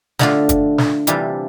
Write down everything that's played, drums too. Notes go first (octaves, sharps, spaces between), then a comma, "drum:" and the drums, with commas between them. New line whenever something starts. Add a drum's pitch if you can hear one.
D3 A3 D4 F4, drum: snare
drum: kick, hi-hat
drum: snare
C3 E3 G3 D4 F4, drum: hi-hat